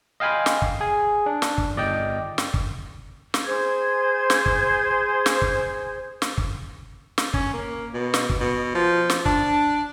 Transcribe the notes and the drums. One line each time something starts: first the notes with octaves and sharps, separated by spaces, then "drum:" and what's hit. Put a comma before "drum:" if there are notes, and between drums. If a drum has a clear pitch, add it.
D#5 F5 G5 G#5 B5 C6
drum: snare
drum: kick
G#4 G#5
D4
drum: snare
drum: kick
G1 D5 D#5 G5
drum: snare
drum: kick
drum: snare
G#4 C5 G#6
drum: snare
drum: kick
drum: snare
drum: kick
drum: snare
drum: kick
drum: snare
C#4, drum: kick
A#3
B2
drum: snare
drum: kick
B2
F3
drum: snare
D4, drum: kick